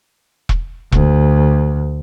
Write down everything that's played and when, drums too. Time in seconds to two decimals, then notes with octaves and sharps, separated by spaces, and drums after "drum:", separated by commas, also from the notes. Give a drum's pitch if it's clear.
0.49 drum: kick E1
0.92 D2, drum: kick E1